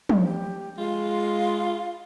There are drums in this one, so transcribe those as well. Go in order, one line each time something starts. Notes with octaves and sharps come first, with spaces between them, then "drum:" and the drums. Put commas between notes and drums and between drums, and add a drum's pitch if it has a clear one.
drum: tom
G4
G#3 F4 F5